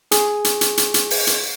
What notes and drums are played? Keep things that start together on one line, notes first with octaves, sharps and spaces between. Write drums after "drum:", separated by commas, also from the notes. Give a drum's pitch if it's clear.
G#4, drum: hi-hat
drum: hi-hat
drum: hi-hat
drum: hi-hat
drum: hi-hat
drum: open hi-hat
drum: hi-hat